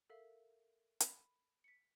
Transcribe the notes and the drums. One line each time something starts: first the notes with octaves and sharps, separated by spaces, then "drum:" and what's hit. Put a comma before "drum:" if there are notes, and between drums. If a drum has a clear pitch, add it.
A4 A#4 E5 F5
B5, drum: hi-hat
B6 C#7